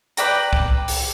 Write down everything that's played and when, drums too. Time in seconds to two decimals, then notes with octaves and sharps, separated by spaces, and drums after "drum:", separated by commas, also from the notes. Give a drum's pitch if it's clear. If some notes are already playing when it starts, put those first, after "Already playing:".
0.17 B4 D5 G5 A#5, drum: hi-hat
0.53 drum: kick C2
0.88 drum: open hi-hat